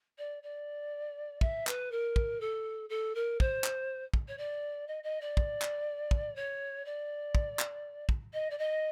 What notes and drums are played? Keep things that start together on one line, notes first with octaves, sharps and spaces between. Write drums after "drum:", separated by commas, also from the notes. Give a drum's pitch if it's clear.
D5
D5
E5, drum: kick
B4, drum: clap
A#4
drum: kick
A4
A4
A#4
C5, drum: kick
drum: clap
drum: kick
C#5
D5
D#5
D#5
D5
drum: kick
drum: clap
drum: kick
C#5
D5
drum: kick
drum: clap
drum: kick
D#5
D5
D#5